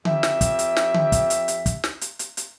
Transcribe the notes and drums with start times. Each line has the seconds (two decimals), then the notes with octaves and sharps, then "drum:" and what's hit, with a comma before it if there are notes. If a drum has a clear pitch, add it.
0.05 F2 G4 E5, drum: tom D3
0.23 drum: snare
0.41 drum: kick, hi-hat
0.59 drum: hi-hat
0.77 drum: snare
0.94 drum: tom D3
1.12 drum: kick, hi-hat
1.30 drum: hi-hat
1.48 drum: hi-hat
1.66 drum: kick, hi-hat
1.84 drum: snare
2.01 drum: hi-hat
2.19 drum: hi-hat
2.37 drum: hi-hat